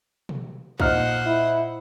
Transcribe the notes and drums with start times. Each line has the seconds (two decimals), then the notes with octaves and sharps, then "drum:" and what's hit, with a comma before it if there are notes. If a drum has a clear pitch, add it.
0.29 drum: tom B2
0.80 A#2 D#4 C5 F#5 F6, drum: kick A#1
1.26 E4